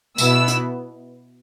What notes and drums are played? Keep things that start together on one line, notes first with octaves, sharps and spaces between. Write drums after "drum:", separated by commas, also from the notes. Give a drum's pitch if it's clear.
B2 B3 E4 E6, drum: tambourine
drum: hi-hat